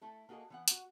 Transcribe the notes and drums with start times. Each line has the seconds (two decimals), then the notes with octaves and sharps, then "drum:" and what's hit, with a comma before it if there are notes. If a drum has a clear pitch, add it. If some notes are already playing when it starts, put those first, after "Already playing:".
0.01 A3 E4 A4
0.29 A#3 F#4 G#4 A4 D#5
0.50 E3 B3 F#5
0.68 F#4 F#5, drum: hi-hat